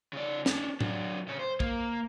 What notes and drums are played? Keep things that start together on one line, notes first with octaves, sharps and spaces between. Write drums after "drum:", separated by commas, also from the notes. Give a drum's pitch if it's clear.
C#3 D5
C#4 D4, drum: snare
F#3 D4, drum: tom A2
C#3 C#5
C5
A#3, drum: kick